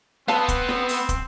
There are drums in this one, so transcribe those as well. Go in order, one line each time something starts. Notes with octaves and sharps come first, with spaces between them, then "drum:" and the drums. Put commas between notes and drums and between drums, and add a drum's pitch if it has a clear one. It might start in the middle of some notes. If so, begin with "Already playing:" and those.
B3 C4 F5 A5, drum: snare
drum: kick, hi-hat
drum: snare
drum: open hi-hat
drum: kick, hi-hat